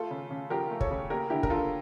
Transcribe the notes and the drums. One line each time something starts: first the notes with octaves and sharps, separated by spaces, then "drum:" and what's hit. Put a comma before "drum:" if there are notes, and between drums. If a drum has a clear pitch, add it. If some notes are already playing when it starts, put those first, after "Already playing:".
Already playing: A3 F4 A4
C#3
C#3
F3 G4 A#4
A3
A4 C#5, drum: kick
C#3
A#3 G4 A#4
D3 E4 G4
A#4, drum: kick
D3 F4 A4